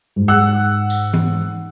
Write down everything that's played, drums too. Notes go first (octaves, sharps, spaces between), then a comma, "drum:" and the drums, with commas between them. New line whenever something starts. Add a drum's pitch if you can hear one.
G#2
F#5 E6 F#6
drum: tambourine
drum: tom E3